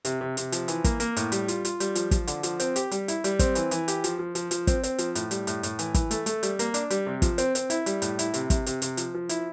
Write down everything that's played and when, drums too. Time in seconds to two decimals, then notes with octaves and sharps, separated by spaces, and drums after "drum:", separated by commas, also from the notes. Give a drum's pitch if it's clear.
0.05 C3, drum: hi-hat
0.21 C3
0.37 C3, drum: hi-hat
0.52 F3, drum: hi-hat
0.68 E3, drum: hi-hat
0.84 A#3, drum: kick, hi-hat
1.00 A#3, drum: hi-hat
1.17 A2, drum: hi-hat
1.32 G3, drum: hi-hat
1.48 F4, drum: hi-hat
1.65 F4, drum: hi-hat
1.80 G3, drum: hi-hat
1.95 F3, drum: hi-hat
2.11 F3, drum: kick, hi-hat
2.27 D3, drum: hi-hat
2.43 F3, drum: hi-hat
2.60 C4, drum: hi-hat
2.76 G4, drum: hi-hat
2.91 G3, drum: hi-hat
3.08 E4, drum: hi-hat
3.24 G3, drum: hi-hat
3.39 C4, drum: kick, hi-hat
3.55 E3, drum: hi-hat
3.71 E3, drum: hi-hat
3.88 G4, drum: hi-hat
4.04 F3, drum: hi-hat
4.19 F3
4.35 F3, drum: hi-hat
4.51 F3, drum: hi-hat
4.67 C4, drum: kick, hi-hat
4.83 C4, drum: hi-hat
4.98 F3, drum: hi-hat
5.15 A2, drum: hi-hat
5.31 G3, drum: hi-hat
5.47 A2, drum: hi-hat
5.63 A2, drum: hi-hat
5.79 E3, drum: hi-hat
5.94 E3, drum: kick, hi-hat
6.11 A3, drum: hi-hat
6.26 A3, drum: hi-hat
6.43 G3, drum: hi-hat
6.59 A#3, drum: hi-hat
6.74 D4, drum: hi-hat
6.90 G3, drum: hi-hat
7.06 C3
7.22 F3, drum: kick, hi-hat
7.38 C4, drum: hi-hat
7.55 C4, drum: hi-hat
7.70 E4, drum: hi-hat
7.86 G3, drum: hi-hat
8.02 A2, drum: hi-hat
8.19 E4, drum: hi-hat
8.34 C3, drum: hi-hat
8.50 C3, drum: kick, hi-hat
8.66 C3, drum: hi-hat
8.82 C3, drum: hi-hat
8.97 F3, drum: hi-hat
9.14 F3
9.29 E4, drum: hi-hat